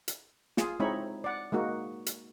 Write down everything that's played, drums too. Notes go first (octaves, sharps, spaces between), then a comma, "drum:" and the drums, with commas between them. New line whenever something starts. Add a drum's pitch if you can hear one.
drum: hi-hat
F4 G#4, drum: snare
G#3 C4 D#4 E4 C#5 B5
D5 F#5
G#3 A#3 D#4 F#4
drum: hi-hat